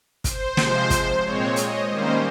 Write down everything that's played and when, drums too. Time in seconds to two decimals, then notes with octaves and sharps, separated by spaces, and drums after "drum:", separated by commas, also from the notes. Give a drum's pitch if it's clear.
0.24 C5, drum: kick, hi-hat
0.57 C3 F3 G#3, drum: snare
0.90 drum: kick, hi-hat
1.23 A#2 G#3 C4 C#5
1.56 D#5, drum: hi-hat
1.89 D#3 G3 A#3 C#4 C5